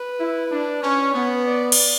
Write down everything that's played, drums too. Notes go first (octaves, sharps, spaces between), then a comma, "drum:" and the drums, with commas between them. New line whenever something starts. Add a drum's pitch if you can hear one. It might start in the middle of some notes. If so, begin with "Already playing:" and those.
Already playing: B4
E4
D4
C#4 C#5
B3
D5
drum: cymbal